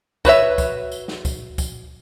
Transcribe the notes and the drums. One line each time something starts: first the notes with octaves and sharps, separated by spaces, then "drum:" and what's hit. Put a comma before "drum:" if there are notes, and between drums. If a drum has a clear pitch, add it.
F#4 B4 C#5 E5, drum: kick, tambourine
drum: kick, tambourine
drum: tambourine
drum: snare
drum: kick, tambourine
drum: kick, tambourine